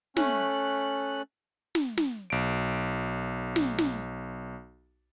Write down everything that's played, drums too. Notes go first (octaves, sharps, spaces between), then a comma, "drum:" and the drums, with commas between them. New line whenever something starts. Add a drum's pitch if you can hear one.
A3 C#4 F#6, drum: snare
drum: snare
drum: snare
B1 D7
drum: snare
drum: snare